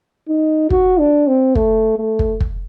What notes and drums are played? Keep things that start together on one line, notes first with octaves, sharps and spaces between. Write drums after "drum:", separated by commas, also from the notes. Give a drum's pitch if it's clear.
D#4
F#4, drum: kick
D4
C4
A3, drum: kick
A3
drum: kick
drum: kick